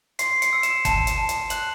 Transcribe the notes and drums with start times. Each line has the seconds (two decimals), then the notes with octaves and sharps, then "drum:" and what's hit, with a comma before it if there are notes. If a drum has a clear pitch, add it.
0.19 C6 C7, drum: hi-hat
0.42 C#7, drum: hi-hat
0.53 E6
0.63 E7, drum: hi-hat
0.85 A5 E7, drum: kick, hi-hat
1.07 drum: hi-hat
1.17 A5
1.29 drum: hi-hat
1.50 F#6 F#7, drum: hi-hat